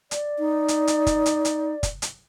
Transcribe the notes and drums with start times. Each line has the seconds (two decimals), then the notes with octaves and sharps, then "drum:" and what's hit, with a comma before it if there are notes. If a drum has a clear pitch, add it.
0.11 D5, drum: hi-hat
0.39 D#4
0.68 drum: hi-hat
0.87 drum: hi-hat
1.07 drum: kick, hi-hat
1.26 drum: hi-hat
1.45 drum: hi-hat
1.83 drum: kick, hi-hat
2.02 drum: hi-hat